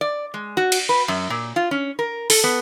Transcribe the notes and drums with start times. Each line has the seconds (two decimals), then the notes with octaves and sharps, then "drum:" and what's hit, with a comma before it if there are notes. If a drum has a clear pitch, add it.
0.01 D5
0.34 G#3
0.57 F#4
0.72 drum: cymbal
0.89 B4
1.08 F#2
1.30 A#2
1.56 F4
1.71 C#4
1.99 A#4
2.30 A4, drum: open hi-hat
2.44 B3